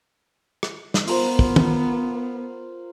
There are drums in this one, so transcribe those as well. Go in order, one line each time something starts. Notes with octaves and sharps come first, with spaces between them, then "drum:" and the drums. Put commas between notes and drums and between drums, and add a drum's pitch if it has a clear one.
drum: rim click
drum: snare
B3 F4 A#4 C5, drum: open hi-hat
drum: kick
drum: tom